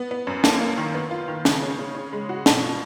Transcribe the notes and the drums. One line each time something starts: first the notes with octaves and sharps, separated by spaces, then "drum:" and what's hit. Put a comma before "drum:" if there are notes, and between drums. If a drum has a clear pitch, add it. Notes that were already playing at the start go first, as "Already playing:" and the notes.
Already playing: B3
B3
F#2
A#3, drum: snare
A#3
D#3
B3
F4
D#3
C#3, drum: snare
C#4
C#3
C#4
G#3
F#4
B2, drum: snare
F4